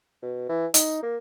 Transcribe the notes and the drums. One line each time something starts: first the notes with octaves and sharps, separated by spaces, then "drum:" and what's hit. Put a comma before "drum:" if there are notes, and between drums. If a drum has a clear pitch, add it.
B2
E3
D#4, drum: hi-hat
A#3